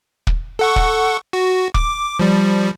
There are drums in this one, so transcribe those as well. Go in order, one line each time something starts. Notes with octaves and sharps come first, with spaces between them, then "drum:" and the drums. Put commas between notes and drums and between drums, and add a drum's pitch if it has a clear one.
drum: kick
A4 F#5 C#6
drum: kick
F#4
D6, drum: kick
F3 G3